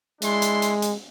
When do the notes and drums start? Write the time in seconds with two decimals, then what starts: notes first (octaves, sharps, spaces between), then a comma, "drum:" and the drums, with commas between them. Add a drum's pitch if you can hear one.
0.22 G#3 D4 E4 C6, drum: hi-hat
0.42 drum: hi-hat
0.62 drum: hi-hat
0.82 drum: hi-hat